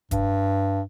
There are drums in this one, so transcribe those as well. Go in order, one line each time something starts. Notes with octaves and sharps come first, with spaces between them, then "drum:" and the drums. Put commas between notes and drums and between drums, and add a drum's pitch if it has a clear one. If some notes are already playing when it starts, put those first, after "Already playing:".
G2, drum: kick, hi-hat